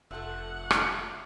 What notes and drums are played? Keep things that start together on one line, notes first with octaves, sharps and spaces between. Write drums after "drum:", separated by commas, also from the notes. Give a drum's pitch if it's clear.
F1 F3 A3 A4 E5 F#5
drum: rim click